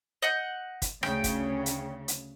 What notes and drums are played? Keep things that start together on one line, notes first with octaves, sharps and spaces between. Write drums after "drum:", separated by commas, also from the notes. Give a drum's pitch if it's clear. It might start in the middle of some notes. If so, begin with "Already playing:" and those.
D#5 F#5 G6
drum: kick, hi-hat
D2 C#3 C#4 G5, drum: rim click
drum: kick, hi-hat
drum: hi-hat
drum: hi-hat